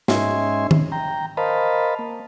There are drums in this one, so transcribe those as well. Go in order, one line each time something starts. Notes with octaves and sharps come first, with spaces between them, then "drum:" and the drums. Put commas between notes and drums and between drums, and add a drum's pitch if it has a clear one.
G#2 C#4 D#4 E5 G#5 C6, drum: snare
drum: tom D#3
G5 A#5
A#4 C5 D#5 F5 A5 B5
A#3